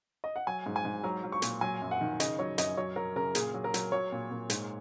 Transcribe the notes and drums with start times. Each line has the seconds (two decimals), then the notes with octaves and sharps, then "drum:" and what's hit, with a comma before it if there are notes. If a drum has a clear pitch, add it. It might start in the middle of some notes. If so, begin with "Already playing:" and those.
0.24 D#5
0.36 F#5
0.47 F#3 G#5
0.66 G#2
0.76 G#5
0.85 G#2
1.04 F#3 A#5
1.24 F#3
1.32 C#6
1.42 A#2, drum: hi-hat
1.61 F#3 G#5
1.82 F#2
1.91 F#5
2.01 D#3
2.20 C#3 D#5, drum: hi-hat
2.39 F#3 C#5
2.58 F#2 D#5, drum: hi-hat
2.77 F#3 C#5
2.96 F#3 A#4
3.16 C#3 A#4
3.35 A#2 G#4, drum: hi-hat
3.54 F#3
3.64 A#4
3.74 F#3, drum: hi-hat
3.92 F#3 C#5
4.12 A#2
4.31 A#2
4.50 G#2, drum: hi-hat